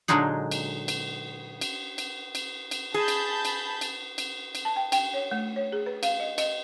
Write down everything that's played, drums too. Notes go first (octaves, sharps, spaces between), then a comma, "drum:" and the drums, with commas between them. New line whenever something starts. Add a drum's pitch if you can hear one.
A#2 D3 F#3 G#3 D#4 G#4
drum: cymbal
drum: cymbal
drum: cymbal
drum: cymbal
drum: cymbal
drum: cymbal
G#4 A5 B5 G6
drum: cymbal
drum: cymbal
drum: cymbal
drum: cymbal
drum: cymbal
A5
G5
G5, drum: cymbal
C#5
A3
C#5
G#4
B4
F5, drum: cymbal
D#5
D#5, drum: cymbal